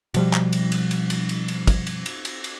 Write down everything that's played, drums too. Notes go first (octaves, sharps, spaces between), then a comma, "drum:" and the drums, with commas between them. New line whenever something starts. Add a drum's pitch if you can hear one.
B2 F3 G3, drum: cymbal
drum: clap
drum: cymbal
drum: cymbal
drum: cymbal
drum: cymbal
drum: cymbal
drum: cymbal
drum: kick, cymbal
drum: cymbal
drum: cymbal
drum: cymbal
drum: cymbal